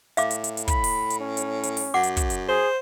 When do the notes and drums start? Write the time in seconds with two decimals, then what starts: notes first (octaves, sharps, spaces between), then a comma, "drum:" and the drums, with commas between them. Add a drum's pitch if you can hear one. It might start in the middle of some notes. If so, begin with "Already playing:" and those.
0.17 A2 E5 F5 D6, drum: hi-hat
0.31 drum: hi-hat
0.44 drum: hi-hat
0.57 drum: hi-hat
0.68 B5, drum: kick, hi-hat
0.84 drum: open hi-hat
1.10 drum: hi-hat
1.20 C#4
1.37 drum: hi-hat
1.63 drum: hi-hat
1.77 drum: open hi-hat
1.94 F#2 F#5 D6
2.03 drum: hi-hat
2.17 drum: kick, hi-hat
2.30 drum: hi-hat
2.48 G#4 C5